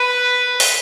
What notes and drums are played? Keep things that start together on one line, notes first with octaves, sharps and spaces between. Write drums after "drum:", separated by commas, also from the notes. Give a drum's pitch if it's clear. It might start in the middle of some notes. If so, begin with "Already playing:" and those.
Already playing: B4
drum: open hi-hat